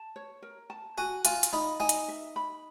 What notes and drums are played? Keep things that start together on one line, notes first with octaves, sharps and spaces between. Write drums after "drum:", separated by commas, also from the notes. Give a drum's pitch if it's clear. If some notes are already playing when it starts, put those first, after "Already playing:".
Already playing: A5
C#5
A#4
A5
F#4 G#5
F4 G#5, drum: hi-hat
drum: hi-hat
D#4 B5
D#4 G#5
drum: hi-hat
E5
B5